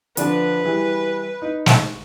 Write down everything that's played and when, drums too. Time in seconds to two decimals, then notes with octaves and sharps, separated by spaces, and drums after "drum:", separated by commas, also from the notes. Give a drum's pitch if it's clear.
0.17 D3 F3 D4 B4, drum: hi-hat
0.64 E3 G3 G#4
1.42 D#4
1.66 drum: snare